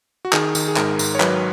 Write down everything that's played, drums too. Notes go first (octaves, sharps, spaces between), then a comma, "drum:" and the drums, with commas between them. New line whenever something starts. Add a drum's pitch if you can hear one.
F#4
D#3 G#4, drum: clap
D#3, drum: tambourine
G#4
G#2 A#4, drum: clap
G#2, drum: tambourine
C#5
F#3 B4, drum: clap